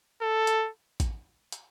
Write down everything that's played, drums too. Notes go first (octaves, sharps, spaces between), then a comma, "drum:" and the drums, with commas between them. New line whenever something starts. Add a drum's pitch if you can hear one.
A4
drum: hi-hat
drum: kick A1, hi-hat
drum: hi-hat